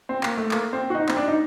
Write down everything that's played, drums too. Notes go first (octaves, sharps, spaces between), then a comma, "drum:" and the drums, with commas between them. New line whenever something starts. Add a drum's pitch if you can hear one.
C4
A#3, drum: clap
A3
A#3, drum: clap
C4
F#4
D#4
C4, drum: clap
D4
D#4